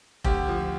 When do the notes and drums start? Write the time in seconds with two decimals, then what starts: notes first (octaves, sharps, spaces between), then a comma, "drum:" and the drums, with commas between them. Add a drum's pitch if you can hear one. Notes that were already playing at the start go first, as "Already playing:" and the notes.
0.24 D2 G4, drum: kick F1
0.48 F3